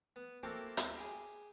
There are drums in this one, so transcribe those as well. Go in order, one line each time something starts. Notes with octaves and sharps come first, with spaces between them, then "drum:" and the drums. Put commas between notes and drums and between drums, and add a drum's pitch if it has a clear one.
B3
A#3 C4 E4 F#4 G4 A4
drum: hi-hat
G4 G#4